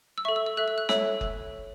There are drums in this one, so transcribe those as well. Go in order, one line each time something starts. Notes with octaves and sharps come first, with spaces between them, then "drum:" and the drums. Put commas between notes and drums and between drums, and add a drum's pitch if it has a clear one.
E6
A4 E5 C#6
E6
E6
A4 E5 F#6
E6
F#6
A4 C#5 E5 E6, drum: snare
drum: kick F#1